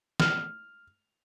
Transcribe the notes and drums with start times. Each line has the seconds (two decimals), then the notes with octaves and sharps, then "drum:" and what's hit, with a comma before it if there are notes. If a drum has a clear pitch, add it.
0.20 F6, drum: snare